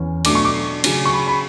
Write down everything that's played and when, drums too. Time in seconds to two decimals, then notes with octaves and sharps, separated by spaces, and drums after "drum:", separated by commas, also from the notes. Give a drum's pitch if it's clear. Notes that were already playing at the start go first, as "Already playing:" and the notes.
Already playing: E2 C#4
0.25 B2 F#3 A3 D4 D6, drum: cymbal
0.35 C#6
0.45 D6
0.84 C#3 F#3 C#4, drum: cymbal
1.06 C#6
1.13 B5
1.27 B5